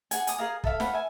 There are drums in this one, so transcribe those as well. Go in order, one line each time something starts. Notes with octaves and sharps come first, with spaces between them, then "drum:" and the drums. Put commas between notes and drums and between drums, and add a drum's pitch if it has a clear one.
G#4 F#5 G#5, drum: hi-hat
G#5 D#6, drum: hi-hat
G#4 A#4 F5 D#6
A4 E5 F5, drum: kick
B4 C#5 F5 F#5, drum: snare
E5 G#5